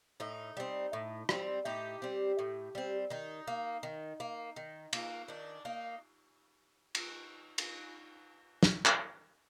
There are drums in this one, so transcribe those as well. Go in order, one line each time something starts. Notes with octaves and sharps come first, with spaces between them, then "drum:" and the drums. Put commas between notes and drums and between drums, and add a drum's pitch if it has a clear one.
A2 D#4
G3 C4
A2
G3 C4, drum: rim click
A2 D#4 G4
G3 C4
A2
G3 C4
D#3 D#4
A#3
D#3
A#3
D#3
A#3, drum: cymbal
D#3 D4
A#3 D#4
drum: cymbal
drum: cymbal
drum: snare
drum: clap